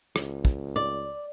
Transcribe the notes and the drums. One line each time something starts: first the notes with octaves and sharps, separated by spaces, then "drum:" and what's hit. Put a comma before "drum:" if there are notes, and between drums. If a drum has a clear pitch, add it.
C#2, drum: rim click
drum: kick
D5